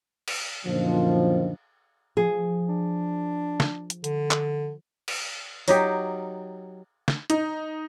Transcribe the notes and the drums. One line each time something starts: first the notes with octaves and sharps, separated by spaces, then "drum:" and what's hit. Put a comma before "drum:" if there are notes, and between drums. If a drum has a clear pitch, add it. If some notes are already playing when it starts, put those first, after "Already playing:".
drum: cymbal
F#2 A#2 D3 D#3 F3
F3 G#4
D4
drum: snare
drum: hi-hat
D3, drum: hi-hat
drum: clap
drum: cymbal
F#3 D#4 G4, drum: open hi-hat
drum: snare
D#4, drum: hi-hat